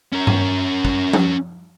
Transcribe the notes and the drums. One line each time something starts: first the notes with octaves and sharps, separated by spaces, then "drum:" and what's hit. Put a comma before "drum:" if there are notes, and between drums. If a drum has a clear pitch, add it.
C#4 A#4
drum: tom G2
drum: kick
drum: tom F3